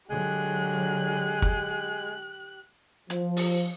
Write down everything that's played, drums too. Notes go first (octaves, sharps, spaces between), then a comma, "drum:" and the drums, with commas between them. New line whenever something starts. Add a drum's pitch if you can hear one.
D3 F#3 G#3 G4 F#6
drum: kick
F3, drum: hi-hat
drum: open hi-hat